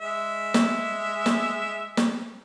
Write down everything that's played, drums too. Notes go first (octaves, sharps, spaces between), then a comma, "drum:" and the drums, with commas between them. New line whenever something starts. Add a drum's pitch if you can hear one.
G#3 E5
drum: snare
drum: snare
drum: snare